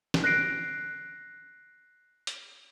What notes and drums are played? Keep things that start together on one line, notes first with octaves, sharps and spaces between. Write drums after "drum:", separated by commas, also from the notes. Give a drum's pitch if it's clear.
drum: snare
F#6 A#6 C7 D7
drum: hi-hat